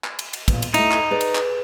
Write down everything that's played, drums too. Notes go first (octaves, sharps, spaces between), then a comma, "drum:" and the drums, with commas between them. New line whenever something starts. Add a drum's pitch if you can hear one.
drum: clap
drum: cymbal
drum: cymbal
E2 A#2, drum: kick, cymbal
drum: cymbal
A3 D#4 E4, drum: cymbal
drum: clap
G#4 B4 D5
drum: cymbal
drum: clap